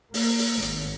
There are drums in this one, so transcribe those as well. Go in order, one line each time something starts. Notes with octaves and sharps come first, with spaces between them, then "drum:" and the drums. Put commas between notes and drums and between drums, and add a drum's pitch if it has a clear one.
A#3, drum: open hi-hat
drum: open hi-hat
G#1, drum: hi-hat